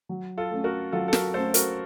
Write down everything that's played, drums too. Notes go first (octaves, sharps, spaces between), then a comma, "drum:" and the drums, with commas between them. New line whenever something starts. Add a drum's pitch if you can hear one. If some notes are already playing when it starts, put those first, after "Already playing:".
F#3
F4 A4
A3 C#4
F#4 A#4
F#3 F4 A4
A4
F#4 A#4, drum: snare
A3 C#4 A4 C5
F#4 A#4, drum: hi-hat